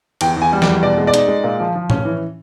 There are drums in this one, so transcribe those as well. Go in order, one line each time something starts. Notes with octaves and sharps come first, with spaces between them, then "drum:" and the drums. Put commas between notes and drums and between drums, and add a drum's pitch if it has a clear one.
E2 G5, drum: cymbal
E2
G#5
G3
D5, drum: snare
E2
B2 D5
G#3
D5
D#4, drum: hi-hat
G#3
A#2
F3
F3
C#4, drum: tom A2
E3